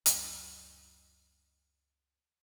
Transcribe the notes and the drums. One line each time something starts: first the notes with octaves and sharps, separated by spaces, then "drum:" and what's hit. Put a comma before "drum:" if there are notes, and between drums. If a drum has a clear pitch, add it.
C#2 F#2 F#3 D4, drum: hi-hat